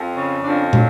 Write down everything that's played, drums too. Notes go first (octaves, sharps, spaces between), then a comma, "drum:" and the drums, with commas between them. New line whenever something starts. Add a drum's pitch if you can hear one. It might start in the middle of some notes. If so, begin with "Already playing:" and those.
Already playing: F2
C#3
F2 D4
F#3, drum: tom